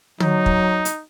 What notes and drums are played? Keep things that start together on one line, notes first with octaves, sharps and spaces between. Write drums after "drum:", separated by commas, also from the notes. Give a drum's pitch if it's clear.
F#3 D#4, drum: tom
drum: kick
drum: hi-hat